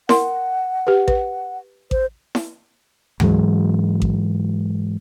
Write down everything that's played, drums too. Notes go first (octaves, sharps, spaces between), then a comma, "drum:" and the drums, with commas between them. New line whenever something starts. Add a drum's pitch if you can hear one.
A#4 F#5 C6, drum: snare E4
G4 B4
B4, drum: kick A1
C5, drum: kick A1
drum: snare E4
G#2 E3 F#3 G#3, drum: tom D2
drum: kick A1